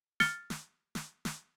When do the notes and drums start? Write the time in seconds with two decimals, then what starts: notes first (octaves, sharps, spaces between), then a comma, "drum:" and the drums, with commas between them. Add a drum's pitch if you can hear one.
0.20 F6 A6 C#7 G7, drum: snare
0.50 drum: snare
0.95 drum: snare
1.25 drum: snare